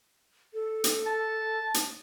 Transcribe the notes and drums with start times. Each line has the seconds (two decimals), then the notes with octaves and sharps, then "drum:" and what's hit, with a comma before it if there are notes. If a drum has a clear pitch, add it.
0.54 A4
0.84 drum: hi-hat
1.06 A5
1.74 drum: hi-hat